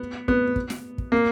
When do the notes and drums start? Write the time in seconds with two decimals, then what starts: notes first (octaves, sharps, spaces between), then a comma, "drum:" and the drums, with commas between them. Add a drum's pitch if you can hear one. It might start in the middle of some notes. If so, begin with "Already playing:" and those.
Already playing: B3
0.28 B3, drum: kick
0.56 drum: kick
0.70 drum: snare
0.98 drum: kick
1.12 A#3